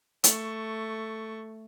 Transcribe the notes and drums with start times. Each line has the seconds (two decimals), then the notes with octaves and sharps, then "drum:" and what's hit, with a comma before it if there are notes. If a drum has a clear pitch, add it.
0.24 A3 C#6, drum: hi-hat